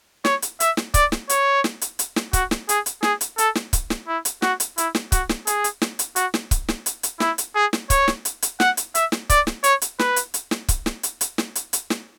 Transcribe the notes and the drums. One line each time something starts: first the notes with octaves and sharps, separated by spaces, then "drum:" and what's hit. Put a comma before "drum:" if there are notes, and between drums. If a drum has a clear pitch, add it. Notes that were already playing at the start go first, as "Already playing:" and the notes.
C#5, drum: snare
drum: hi-hat
E5, drum: hi-hat
drum: snare
D5, drum: kick C#1, hi-hat
drum: snare
C#5, drum: hi-hat
drum: snare
drum: hi-hat
drum: hi-hat
drum: snare
F#4, drum: kick C#1, hi-hat
drum: snare
G#4, drum: hi-hat
drum: hi-hat
G#4, drum: snare
drum: hi-hat
A4, drum: hi-hat
drum: snare
drum: kick C#1, hi-hat
drum: snare
E4
drum: hi-hat
F#4, drum: snare
drum: hi-hat
E4, drum: hi-hat
drum: snare
F#4, drum: kick C#1, hi-hat
drum: snare
G#4, drum: hi-hat
drum: hi-hat
drum: snare
drum: hi-hat
F#4, drum: hi-hat
drum: snare
drum: kick C#1, hi-hat
drum: snare
drum: hi-hat
drum: hi-hat
E4, drum: snare
drum: hi-hat
G#4
drum: snare
C#5, drum: kick C#1, hi-hat
drum: snare
drum: hi-hat
drum: hi-hat
F#5, drum: snare
drum: hi-hat
E5, drum: hi-hat
drum: snare
D5, drum: kick C#1, hi-hat
drum: snare
C#5, drum: hi-hat
drum: hi-hat
B4, drum: snare
drum: hi-hat
drum: hi-hat
drum: snare
drum: kick C#1, hi-hat
drum: snare
drum: hi-hat
drum: hi-hat
drum: snare
drum: hi-hat
drum: hi-hat
drum: snare